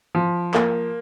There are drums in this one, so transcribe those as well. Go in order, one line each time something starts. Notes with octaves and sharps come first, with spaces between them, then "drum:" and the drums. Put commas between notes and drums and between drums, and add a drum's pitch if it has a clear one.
F3
A#3, drum: clap